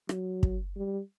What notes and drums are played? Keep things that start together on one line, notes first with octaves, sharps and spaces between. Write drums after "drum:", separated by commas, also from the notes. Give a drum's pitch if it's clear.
F#3, drum: rim click
drum: kick
G3